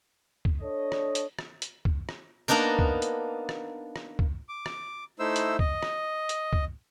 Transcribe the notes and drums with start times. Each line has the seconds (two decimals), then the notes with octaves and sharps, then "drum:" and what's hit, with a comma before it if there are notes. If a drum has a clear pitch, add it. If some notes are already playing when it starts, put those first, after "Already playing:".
0.45 drum: kick
0.61 D4 A4 C#5 D#5
0.92 drum: rim click
1.15 drum: hi-hat
1.39 drum: rim click
1.62 drum: hi-hat
1.85 drum: kick
2.09 drum: rim click
2.48 A#3 B3 D4 D#4 A#4
2.79 drum: kick
3.02 drum: hi-hat
3.49 drum: rim click
3.96 drum: rim click
4.19 drum: kick
4.49 D6
4.66 drum: rim click
5.19 A3 D#4 E4 C5 E6
5.36 drum: hi-hat
5.59 D#5, drum: kick
5.83 drum: rim click
6.29 drum: hi-hat
6.53 drum: kick